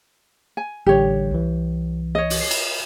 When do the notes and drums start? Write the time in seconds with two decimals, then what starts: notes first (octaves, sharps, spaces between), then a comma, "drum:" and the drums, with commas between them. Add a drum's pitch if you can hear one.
0.57 G#5
0.86 A1 D3 G3 G4 C#5
1.30 C2 E3
2.15 C#5 D#5
2.30 drum: open hi-hat
2.41 C7
2.51 drum: cymbal